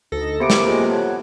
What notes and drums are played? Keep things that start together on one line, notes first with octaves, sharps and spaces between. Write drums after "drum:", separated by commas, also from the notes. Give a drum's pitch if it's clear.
D2 D#4 A4 A#6
C3 A#3 B3 E5 B5 D6 C#7 D7
drum: snare
F4 F#4 G#4 A4 C5 D#5
C#5 F#5 A5